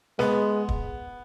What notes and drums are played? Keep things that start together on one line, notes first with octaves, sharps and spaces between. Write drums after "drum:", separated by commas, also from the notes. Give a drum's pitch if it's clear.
G#3 B3, drum: snare
drum: kick